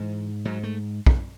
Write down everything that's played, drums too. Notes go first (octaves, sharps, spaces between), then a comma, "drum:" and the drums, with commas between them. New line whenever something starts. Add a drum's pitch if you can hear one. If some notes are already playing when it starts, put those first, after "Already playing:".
Already playing: G#2 E3
G#2 F#3
A3
drum: kick